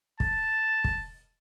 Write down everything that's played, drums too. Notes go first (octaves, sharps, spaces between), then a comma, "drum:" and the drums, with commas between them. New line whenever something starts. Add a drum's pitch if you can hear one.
A5, drum: kick
drum: kick